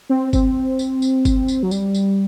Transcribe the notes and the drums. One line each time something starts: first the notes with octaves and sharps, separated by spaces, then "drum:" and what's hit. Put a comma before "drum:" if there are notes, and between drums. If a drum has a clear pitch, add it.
C4
C4, drum: kick G1, tambourine
drum: tambourine
drum: tambourine
drum: kick G1, tambourine
drum: tambourine
F#3
G3, drum: tambourine
drum: tambourine